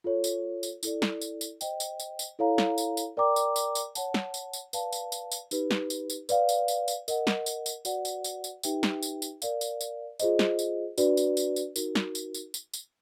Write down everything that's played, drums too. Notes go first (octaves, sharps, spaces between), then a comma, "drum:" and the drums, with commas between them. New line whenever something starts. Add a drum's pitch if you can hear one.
F4 A4 C#5
drum: tambourine
drum: tambourine
E4 A4 D5, drum: tambourine
drum: snare
drum: tambourine
drum: tambourine
C5 D#5 G5, drum: tambourine
drum: tambourine
drum: tambourine
drum: tambourine
E4 A4 C#5 F5 A#5
drum: snare
drum: tambourine
drum: tambourine
A#4 D5 G5 A#5 D6
drum: tambourine
drum: tambourine
drum: tambourine
C#5 F#5 A5, drum: tambourine
drum: snare
drum: tambourine
drum: tambourine
B4 D5 F5 A5, drum: tambourine
drum: tambourine
drum: tambourine
drum: tambourine
D#4 G4 B4, drum: tambourine
drum: snare
drum: tambourine
drum: tambourine
B4 D5 F5, drum: tambourine
drum: tambourine
drum: tambourine
drum: tambourine
A#4 D#5 F#5, drum: tambourine
drum: snare
drum: tambourine
drum: tambourine
F#4 B4 D5 F#5, drum: tambourine
drum: tambourine
drum: tambourine
drum: tambourine
D#4 G4 B4 E5 G5, drum: tambourine
drum: snare
drum: tambourine
drum: tambourine
A#4 D5 F5, drum: tambourine
drum: tambourine
drum: tambourine
F4 G#4 C5 D#5, drum: tambourine
drum: snare
drum: tambourine
D4 F#4 B4 D5, drum: tambourine
drum: tambourine
drum: tambourine
drum: tambourine
D#4 F#4 A#4, drum: tambourine
drum: snare
drum: tambourine
drum: tambourine
drum: tambourine
drum: tambourine